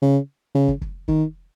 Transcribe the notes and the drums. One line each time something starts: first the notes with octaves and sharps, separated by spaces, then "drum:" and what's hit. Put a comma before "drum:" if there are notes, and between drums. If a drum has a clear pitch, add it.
C#3
C#3
drum: kick
drum: kick
D#3, drum: kick